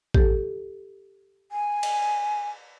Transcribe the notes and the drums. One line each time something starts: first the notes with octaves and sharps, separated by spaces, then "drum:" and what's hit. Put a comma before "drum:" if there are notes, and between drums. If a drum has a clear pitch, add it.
G4 A4, drum: kick A1
G#5
drum: cymbal